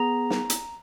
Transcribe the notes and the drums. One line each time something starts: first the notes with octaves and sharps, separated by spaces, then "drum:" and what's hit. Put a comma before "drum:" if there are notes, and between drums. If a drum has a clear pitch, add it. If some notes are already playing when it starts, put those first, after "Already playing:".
Already playing: B3 G#4 A#5
drum: snare
drum: hi-hat